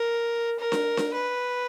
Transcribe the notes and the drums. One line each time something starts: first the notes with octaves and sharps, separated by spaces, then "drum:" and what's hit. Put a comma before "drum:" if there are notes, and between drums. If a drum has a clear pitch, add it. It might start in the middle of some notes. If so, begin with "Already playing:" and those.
Already playing: A#4
A#4
drum: snare D4
drum: snare D4
B4